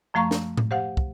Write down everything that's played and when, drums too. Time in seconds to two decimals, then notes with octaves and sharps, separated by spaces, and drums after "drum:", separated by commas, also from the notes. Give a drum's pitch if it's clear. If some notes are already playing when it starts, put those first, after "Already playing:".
0.14 F#2 F3 A3 F5 A#5 C#6
0.31 drum: snare
0.58 drum: tom A2
0.71 G4 C5 F5 F#5
0.97 drum: kick